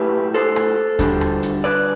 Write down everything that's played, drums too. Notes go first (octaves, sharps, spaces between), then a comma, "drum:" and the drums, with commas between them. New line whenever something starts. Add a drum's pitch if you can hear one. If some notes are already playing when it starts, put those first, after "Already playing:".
Already playing: B1 A2 A3 E4 G4 B4
A4 C5
drum: rim click
D2 D3 G3 D4, drum: kick D#2, hi-hat
drum: rim click
drum: hi-hat
B4 D5